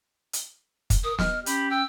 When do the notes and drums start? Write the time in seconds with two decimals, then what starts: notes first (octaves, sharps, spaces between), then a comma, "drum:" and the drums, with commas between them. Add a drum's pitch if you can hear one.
0.33 drum: hi-hat
0.90 drum: kick, hi-hat
1.04 A#4 D#6
1.19 D#5 F6, drum: snare
1.46 C#4 G4 B5, drum: hi-hat
1.70 G5 E6